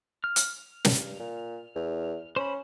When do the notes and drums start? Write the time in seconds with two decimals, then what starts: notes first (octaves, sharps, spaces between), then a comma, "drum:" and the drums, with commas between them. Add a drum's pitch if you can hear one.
0.24 F6
0.36 drum: hi-hat
0.85 G2, drum: snare
1.20 A#2
1.75 E2
2.36 C#4 C5 B5